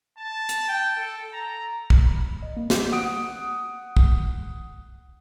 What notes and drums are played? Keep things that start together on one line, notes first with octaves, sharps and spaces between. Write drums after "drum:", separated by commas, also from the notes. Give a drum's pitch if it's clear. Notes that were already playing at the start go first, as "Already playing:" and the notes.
A5
drum: hi-hat
G5
A4
A#5
B2, drum: kick
B5
D#5
A#3
D6, drum: snare
F#5 D#6 D7
drum: kick